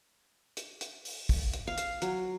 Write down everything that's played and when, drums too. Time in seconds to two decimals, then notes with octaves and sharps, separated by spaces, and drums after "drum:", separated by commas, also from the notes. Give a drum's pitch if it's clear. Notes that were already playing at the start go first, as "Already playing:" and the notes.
0.57 drum: hi-hat
0.81 drum: hi-hat
1.05 drum: open hi-hat
1.29 drum: kick, open hi-hat
1.53 drum: hi-hat
1.67 F5
1.78 drum: hi-hat
2.02 F#3, drum: hi-hat